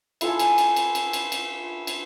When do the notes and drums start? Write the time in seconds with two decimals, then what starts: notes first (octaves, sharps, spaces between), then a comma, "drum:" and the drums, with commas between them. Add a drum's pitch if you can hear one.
0.21 E4 F4 A4 G#5, drum: cymbal
0.39 drum: cymbal
0.58 drum: cymbal
0.76 drum: cymbal
0.95 drum: cymbal
1.13 drum: cymbal
1.32 drum: cymbal
1.87 drum: cymbal